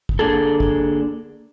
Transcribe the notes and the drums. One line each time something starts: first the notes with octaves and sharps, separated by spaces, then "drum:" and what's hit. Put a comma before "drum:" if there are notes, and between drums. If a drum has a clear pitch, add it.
drum: kick
D3 A#3 D4 G#4 A4
drum: kick